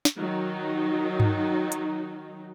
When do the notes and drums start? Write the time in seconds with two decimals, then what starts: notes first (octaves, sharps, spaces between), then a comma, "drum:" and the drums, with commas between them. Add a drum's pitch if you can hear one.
0.05 drum: snare
0.18 D#3 F#3 D#4
1.20 drum: tom G2
1.72 drum: hi-hat